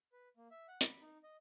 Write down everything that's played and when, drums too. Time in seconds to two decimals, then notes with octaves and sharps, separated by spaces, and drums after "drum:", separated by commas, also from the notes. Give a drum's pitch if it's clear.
0.12 B4
0.37 A#3
0.51 E5
0.68 F#5
0.81 B5, drum: hi-hat
1.01 D#4
1.23 D#5